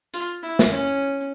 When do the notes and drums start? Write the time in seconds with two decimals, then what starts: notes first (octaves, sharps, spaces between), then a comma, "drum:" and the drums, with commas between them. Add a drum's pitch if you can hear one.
0.14 F4, drum: hi-hat
0.43 E4
0.59 drum: snare
0.71 C#4